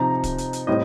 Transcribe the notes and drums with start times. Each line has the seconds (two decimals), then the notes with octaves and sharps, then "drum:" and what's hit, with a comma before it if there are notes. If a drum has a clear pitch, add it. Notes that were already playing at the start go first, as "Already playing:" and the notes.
Already playing: C3 F3 C4 D#4 A#5
0.24 drum: kick, hi-hat
0.38 drum: hi-hat
0.53 drum: hi-hat
0.67 A2 G3 C4 D#5